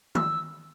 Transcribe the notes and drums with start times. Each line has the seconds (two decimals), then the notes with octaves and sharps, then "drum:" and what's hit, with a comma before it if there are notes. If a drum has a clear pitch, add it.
0.15 E6, drum: tom D#3